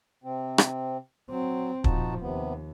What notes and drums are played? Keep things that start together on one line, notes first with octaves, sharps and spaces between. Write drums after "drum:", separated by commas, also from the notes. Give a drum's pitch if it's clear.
C3 C4
drum: rim click
F#3 C4
A#2 F3 D#4 F#4 A5, drum: kick
D#2 C3 B3